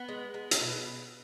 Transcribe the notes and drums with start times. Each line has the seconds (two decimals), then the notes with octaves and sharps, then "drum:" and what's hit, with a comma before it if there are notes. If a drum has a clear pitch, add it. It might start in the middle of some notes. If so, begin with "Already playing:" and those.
Already playing: B3
0.09 G#3
0.34 G#3
0.51 drum: hi-hat
0.61 B2